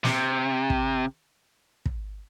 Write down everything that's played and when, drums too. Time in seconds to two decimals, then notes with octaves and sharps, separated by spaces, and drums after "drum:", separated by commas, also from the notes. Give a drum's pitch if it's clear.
0.04 C3, drum: snare
0.70 drum: kick
1.86 drum: kick